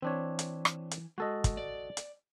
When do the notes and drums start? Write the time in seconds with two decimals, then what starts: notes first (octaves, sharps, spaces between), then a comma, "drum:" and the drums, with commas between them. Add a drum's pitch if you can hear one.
0.02 E3 C4 D4 C#5
0.39 drum: hi-hat
0.65 drum: rim click
0.91 drum: hi-hat
1.18 G#3 F#4 A4 D#5
1.44 drum: kick, hi-hat
1.57 D5
1.97 drum: hi-hat